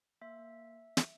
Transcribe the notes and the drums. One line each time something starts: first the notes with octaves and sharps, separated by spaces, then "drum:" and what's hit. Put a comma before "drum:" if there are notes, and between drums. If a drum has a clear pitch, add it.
A#3 E5
A#3
drum: snare